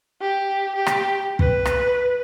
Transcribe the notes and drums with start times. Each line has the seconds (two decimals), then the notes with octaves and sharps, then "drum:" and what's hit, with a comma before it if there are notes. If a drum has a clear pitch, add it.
0.21 G4
0.75 G4
0.86 drum: rim click
1.39 B4, drum: kick
1.65 drum: rim click